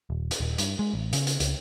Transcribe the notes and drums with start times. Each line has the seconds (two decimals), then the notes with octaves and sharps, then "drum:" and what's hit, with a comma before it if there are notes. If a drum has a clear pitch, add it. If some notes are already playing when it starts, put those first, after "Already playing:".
0.10 D#1
0.31 drum: hi-hat
0.40 D#1
0.58 G2, drum: hi-hat
0.79 G#3
0.94 A1
1.13 C#3, drum: hi-hat
1.27 drum: hi-hat
1.40 C#2, drum: hi-hat